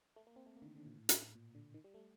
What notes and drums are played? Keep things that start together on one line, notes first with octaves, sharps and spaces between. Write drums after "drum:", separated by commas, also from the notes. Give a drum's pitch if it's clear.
A3
A#3
C4
A3
A#3
D3
D#3
D3
A#2
A2
drum: hi-hat
A#2
D3
D#3
G3
A3